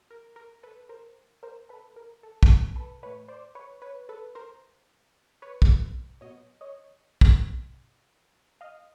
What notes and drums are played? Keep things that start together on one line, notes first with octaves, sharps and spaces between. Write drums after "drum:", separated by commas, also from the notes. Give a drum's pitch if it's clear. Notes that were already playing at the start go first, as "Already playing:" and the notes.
Already playing: F#3
A#4
A#4
A4 B4
A#4 C5
A#4 C5
A4 B4
A#4
A4
drum: kick
A4 B4
A2 E3 A3 B4 C#5
C5 D5
B4 C#5
B4 C#5
A4 B4
A#4 C5
B4 C#5
drum: kick
A#2 F#3 B3 C#5 D#5
C#5 D#5
drum: kick
D#5 F5